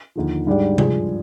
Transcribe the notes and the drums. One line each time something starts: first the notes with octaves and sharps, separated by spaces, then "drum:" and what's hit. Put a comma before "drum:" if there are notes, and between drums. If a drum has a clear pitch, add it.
D#2 D3 F3
G#2 G3 D4 G4 D5
G2 F3 G#3 D4 G#4, drum: tom C3